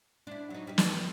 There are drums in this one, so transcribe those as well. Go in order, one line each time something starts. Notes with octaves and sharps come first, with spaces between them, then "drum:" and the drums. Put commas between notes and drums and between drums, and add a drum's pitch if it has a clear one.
D4 E4
F#3 D#4
G3 D#4
drum: snare
D2